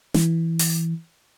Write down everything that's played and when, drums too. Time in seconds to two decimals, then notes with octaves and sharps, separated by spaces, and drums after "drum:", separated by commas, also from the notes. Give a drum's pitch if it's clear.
0.14 E3, drum: snare
0.59 drum: open hi-hat